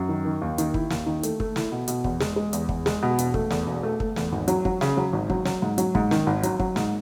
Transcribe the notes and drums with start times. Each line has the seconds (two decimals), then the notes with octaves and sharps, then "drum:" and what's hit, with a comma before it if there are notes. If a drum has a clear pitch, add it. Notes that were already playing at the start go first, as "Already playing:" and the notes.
Already playing: F#2
0.09 D#3
0.25 D#3
0.42 D#2
0.58 D#3, drum: hi-hat
0.74 E4, drum: kick
0.90 D#2, drum: snare
1.06 D#3
1.23 A3, drum: hi-hat
1.40 A3, drum: kick
1.56 E4, drum: snare
1.72 B2
1.88 B2, drum: hi-hat
2.04 E2, drum: kick
2.20 G#3, drum: snare
2.36 G#3
2.53 E2, drum: hi-hat
2.69 E2, drum: kick
2.86 G#3, drum: snare
3.02 B2
3.19 E1, drum: hi-hat
3.34 A3, drum: kick
3.50 E2, drum: snare
3.66 E1
3.83 A3
4.00 A3, drum: kick
4.16 E2, drum: snare
4.32 G#1
4.48 F#3, drum: hi-hat
4.65 F#3, drum: kick
4.81 C#3, drum: snare
4.97 F#3
5.13 G#1
5.30 F#3, drum: kick
5.45 F#3, drum: snare
5.62 G#2
5.78 F#3, drum: hi-hat
5.95 G#2, drum: kick
6.11 D#3, drum: snare
6.27 G#1
6.43 F#3, drum: hi-hat
6.60 F#3, drum: kick
6.76 G#2, drum: snare